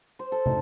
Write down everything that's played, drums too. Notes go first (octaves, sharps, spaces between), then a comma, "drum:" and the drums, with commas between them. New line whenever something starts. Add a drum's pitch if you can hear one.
C5
A4
D#3, drum: tom